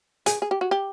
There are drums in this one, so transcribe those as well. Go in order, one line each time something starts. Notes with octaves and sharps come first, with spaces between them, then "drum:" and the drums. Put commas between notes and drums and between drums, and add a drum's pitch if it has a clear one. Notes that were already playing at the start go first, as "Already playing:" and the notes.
G#4, drum: hi-hat
G#4
G4
F#4
G4